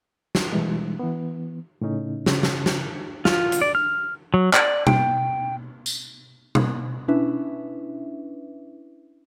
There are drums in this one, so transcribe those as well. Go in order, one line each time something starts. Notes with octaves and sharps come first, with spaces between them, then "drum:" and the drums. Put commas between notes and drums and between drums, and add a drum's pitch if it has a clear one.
drum: snare
B2 E3 G3 G#3
E3 B3
A2 C#3 C#4 D#4
C#3, drum: snare
drum: snare
drum: snare
F4, drum: snare
drum: hi-hat
D5
F6
F#3
D5, drum: clap
G5, drum: tom B2
drum: tambourine
drum: tom B2
C#4 D4 E4 B4 E5